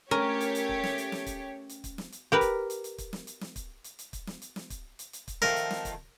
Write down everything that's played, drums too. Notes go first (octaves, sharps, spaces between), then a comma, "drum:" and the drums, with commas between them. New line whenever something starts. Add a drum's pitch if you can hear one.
A3 C#4 G4 A#4 C#5
drum: hi-hat
drum: hi-hat
drum: kick
drum: snare
drum: hi-hat
drum: snare
drum: kick, hi-hat
drum: hi-hat
drum: kick, hi-hat
drum: snare
drum: hi-hat
G4 A#4 B4
drum: kick, hi-hat
drum: hi-hat
drum: hi-hat
drum: kick, hi-hat
drum: snare
drum: hi-hat
drum: snare
drum: kick, hi-hat
drum: hi-hat
drum: hi-hat
drum: kick, hi-hat
drum: snare
drum: hi-hat
drum: snare
drum: kick, hi-hat
drum: hi-hat
drum: hi-hat
drum: kick, hi-hat
D#3 F3 A3 A#4, drum: snare
drum: hi-hat
drum: snare
drum: kick, hi-hat